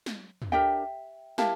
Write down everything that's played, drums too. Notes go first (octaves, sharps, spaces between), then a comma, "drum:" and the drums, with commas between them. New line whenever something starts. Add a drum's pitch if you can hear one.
drum: snare
drum: tom
D4 G4 A#4 E5 G5
E4 G4 A#4 F5 A5, drum: snare